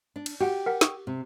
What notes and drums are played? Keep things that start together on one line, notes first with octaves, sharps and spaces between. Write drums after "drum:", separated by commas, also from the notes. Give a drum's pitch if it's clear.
D4
drum: cymbal
F#4 G4 F#5 G5
A#4 F#5 B6
C#6 D#6 E6, drum: snare
C3